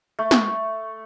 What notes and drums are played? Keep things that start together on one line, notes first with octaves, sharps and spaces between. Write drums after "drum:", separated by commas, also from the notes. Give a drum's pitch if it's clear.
A3
drum: snare